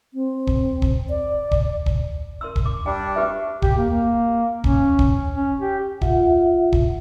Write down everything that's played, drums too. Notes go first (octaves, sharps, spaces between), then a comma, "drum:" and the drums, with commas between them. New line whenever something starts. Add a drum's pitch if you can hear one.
C4
drum: kick
drum: kick
D5
drum: kick
drum: kick
A#4 C6 E6
drum: kick
D6
G3 D4 G5
G4 B4 E5
G4, drum: kick
A#3
A#3
C#4, drum: kick
drum: kick
C#4
G4
F4 E5 F#5, drum: kick
drum: kick